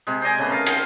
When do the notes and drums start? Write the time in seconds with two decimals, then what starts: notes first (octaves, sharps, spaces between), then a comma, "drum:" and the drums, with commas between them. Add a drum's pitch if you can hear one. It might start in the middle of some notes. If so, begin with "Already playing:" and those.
0.07 C3 G#3
0.22 C5 D5 D#5 G#5
0.38 C#3 A3 B3
0.50 C#3 A#4 F5 A5
0.66 G#4 C5 F5, drum: cymbal